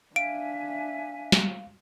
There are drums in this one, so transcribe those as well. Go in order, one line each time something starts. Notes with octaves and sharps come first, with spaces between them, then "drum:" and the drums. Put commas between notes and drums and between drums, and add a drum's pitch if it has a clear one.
D4 E5 F5 G#5 D7
drum: snare